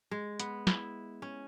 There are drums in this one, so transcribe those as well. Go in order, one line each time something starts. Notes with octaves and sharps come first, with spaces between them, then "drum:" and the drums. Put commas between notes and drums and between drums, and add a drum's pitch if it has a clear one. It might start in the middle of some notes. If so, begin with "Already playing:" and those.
G#3
B3, drum: hi-hat
E4, drum: snare
C#4